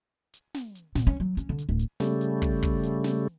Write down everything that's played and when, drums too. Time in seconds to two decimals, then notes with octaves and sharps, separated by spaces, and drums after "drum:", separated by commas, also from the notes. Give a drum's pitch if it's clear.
0.34 drum: hi-hat
0.54 drum: snare
0.75 drum: hi-hat
0.95 A#2, drum: snare
1.07 C#4
1.20 F#3
1.37 C#4, drum: hi-hat
1.49 D3
1.58 drum: hi-hat
1.69 D1
1.79 drum: hi-hat
2.00 C#3 G3 A3, drum: snare
2.21 drum: hi-hat
2.42 drum: kick
2.62 drum: kick, hi-hat
2.83 drum: hi-hat
3.04 drum: snare